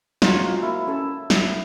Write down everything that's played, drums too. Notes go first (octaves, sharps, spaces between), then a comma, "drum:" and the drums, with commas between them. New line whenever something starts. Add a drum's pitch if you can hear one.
F#3 F4 C#5, drum: snare
F3 G#3 C4
A#3 E4
C#4 A4
drum: snare